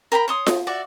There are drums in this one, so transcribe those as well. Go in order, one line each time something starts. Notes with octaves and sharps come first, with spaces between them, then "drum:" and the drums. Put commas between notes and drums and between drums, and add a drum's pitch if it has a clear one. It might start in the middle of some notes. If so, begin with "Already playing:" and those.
A#4 G5 A#5 B5
C#5 C6 D#6
drum: snare F4
F#4 D5 E5